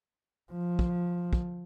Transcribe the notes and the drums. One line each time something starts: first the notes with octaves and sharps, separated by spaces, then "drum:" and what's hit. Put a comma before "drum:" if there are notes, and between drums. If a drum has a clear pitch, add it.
F3
drum: kick
drum: kick